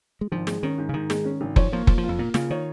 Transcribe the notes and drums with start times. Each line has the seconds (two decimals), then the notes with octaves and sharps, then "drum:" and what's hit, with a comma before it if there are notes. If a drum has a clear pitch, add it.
0.21 G#3
0.32 G#1 F3
0.47 G#3, drum: snare
0.63 D#3 C#4
0.78 G#2
0.89 C#3
0.94 G#2 D#3
1.10 G#3, drum: snare
1.25 C#4
1.41 G#1
1.56 F3 C#5, drum: kick F#1
1.72 F3 A#3
1.87 F3 F4, drum: kick F#1
1.98 F3
2.03 F4
2.09 F2
2.19 A#2 A#3
2.34 C#3 F4, drum: snare
2.50 D#3 C#5